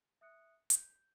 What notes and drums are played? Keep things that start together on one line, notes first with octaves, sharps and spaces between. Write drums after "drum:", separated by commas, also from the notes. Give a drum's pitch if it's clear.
E5 D#6 F#6 C#7
G6, drum: hi-hat